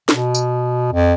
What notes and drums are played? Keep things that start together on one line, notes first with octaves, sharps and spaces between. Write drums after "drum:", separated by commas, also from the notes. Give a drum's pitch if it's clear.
B2, drum: snare
drum: tambourine
F2